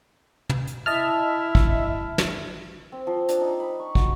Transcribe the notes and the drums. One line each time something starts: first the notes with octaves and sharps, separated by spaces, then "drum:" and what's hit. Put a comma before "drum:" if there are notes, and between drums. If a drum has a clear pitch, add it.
drum: tom
drum: hi-hat
E4 D#5 E5 A5 F6
drum: kick
drum: snare
C4
F3
D4, drum: hi-hat
D#4
B5
C#6
F#4, drum: kick